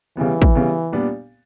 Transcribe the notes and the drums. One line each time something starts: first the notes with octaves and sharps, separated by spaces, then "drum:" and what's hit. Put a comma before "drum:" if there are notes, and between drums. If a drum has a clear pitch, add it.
C#3 E3 G3 B3
drum: kick
C#3 G3 B3
A#2 G3 B3 D4